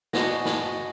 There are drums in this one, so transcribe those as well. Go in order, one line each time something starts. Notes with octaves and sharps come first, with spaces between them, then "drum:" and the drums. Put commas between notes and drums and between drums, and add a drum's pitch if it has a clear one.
F#4 D5 D#5 F#5 G#5 A#6, drum: snare
drum: snare